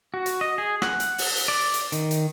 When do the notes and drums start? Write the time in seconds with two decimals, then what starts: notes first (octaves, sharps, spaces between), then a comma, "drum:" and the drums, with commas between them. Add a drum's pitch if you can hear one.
0.14 F#4
0.26 drum: hi-hat
0.41 D#5
0.58 G#4
0.82 F#5, drum: rim click
1.00 drum: hi-hat
1.18 drum: open hi-hat
1.37 drum: hi-hat
1.48 D5
1.74 drum: hi-hat
1.92 D#3, drum: hi-hat
2.11 drum: hi-hat